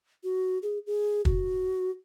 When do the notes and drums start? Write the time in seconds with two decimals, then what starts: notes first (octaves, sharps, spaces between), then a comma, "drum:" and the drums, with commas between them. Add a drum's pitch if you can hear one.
0.24 F#4
0.62 G#4
0.87 G#4
1.25 F#4, drum: kick